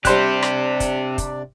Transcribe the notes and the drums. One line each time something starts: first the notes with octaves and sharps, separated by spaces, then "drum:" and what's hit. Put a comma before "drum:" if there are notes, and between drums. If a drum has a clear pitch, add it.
C3 G3 C4 D4 G4 C5 D5 F#6, drum: kick, hi-hat
drum: rim click
drum: kick, hi-hat
drum: kick, hi-hat